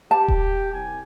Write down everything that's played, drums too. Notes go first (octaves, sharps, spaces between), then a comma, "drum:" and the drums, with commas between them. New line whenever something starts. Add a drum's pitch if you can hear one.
G4 A5
drum: kick D#1
C2 G4 G#5